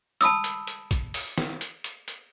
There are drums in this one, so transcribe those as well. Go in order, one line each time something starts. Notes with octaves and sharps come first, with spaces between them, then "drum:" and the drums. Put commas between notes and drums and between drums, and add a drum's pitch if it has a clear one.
A5 B5 D#6 E6, drum: hi-hat
drum: hi-hat
drum: hi-hat
drum: kick, hi-hat
drum: open hi-hat
drum: snare
drum: hi-hat
drum: hi-hat
drum: hi-hat